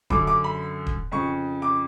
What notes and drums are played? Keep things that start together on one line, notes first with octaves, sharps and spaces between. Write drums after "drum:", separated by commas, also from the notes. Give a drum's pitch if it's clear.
F#2 D3 D6, drum: kick D#1
D6
B5
drum: kick D#1
F2 C#3 C#6
D6